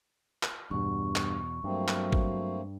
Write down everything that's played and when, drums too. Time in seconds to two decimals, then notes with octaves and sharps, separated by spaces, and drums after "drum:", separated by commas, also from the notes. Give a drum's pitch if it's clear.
0.43 drum: clap
0.71 E2 G2 B2 C#6
1.16 drum: clap
1.64 G2 F#3 A3 A#3 C4
1.88 drum: clap
2.12 drum: kick G#1